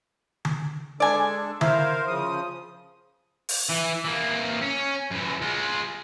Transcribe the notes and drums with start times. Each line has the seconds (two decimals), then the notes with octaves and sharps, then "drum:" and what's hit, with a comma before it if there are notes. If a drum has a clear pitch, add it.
0.45 drum: tom D3
1.00 G#3 D4 A4 D5 G#5
1.61 E4 A#4 C5 F5, drum: tom D3
2.07 C#3 F3 D#6
3.49 drum: open hi-hat
3.70 E3
4.05 E3 A#3
4.62 C#4
5.11 F#2 E3
5.42 G#3 F4